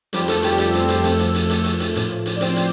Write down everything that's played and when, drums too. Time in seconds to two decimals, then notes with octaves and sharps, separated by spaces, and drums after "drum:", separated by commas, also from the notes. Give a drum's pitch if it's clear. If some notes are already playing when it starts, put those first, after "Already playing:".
0.13 F2 F3 G3 G4, drum: hi-hat
0.28 A3 A4, drum: hi-hat
0.43 G3 G4, drum: hi-hat
0.54 G4
0.58 A3 A4, drum: hi-hat
0.74 C4 C5, drum: hi-hat
0.89 C4 C5, drum: hi-hat
1.04 F2 F3 A3 A4, drum: hi-hat
1.19 drum: hi-hat
1.34 drum: hi-hat
1.50 A3 A4, drum: hi-hat
1.64 A3 A4, drum: hi-hat
1.80 drum: hi-hat
1.96 A2 F3, drum: hi-hat
2.26 drum: hi-hat
2.36 D5
2.41 C4 C5, drum: hi-hat
2.56 drum: hi-hat